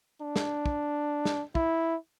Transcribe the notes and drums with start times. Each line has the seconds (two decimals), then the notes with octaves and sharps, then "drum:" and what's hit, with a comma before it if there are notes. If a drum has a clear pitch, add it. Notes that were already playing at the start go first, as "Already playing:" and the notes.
0.21 D4
0.36 drum: snare
0.66 drum: kick
1.25 drum: snare
1.55 E4, drum: kick